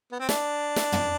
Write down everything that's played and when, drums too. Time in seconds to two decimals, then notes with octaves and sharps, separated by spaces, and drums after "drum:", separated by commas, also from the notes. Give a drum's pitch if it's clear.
0.12 B3
0.20 C4
0.29 D4, drum: snare
0.76 drum: snare
0.92 drum: tom